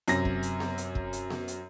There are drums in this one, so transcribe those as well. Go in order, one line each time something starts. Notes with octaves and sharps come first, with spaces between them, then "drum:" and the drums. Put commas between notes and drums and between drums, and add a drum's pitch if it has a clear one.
F#2 C3 C#4 A#6, drum: hi-hat
drum: kick
drum: hi-hat
drum: snare B3
drum: hi-hat
drum: kick
drum: hi-hat
drum: snare B3
drum: hi-hat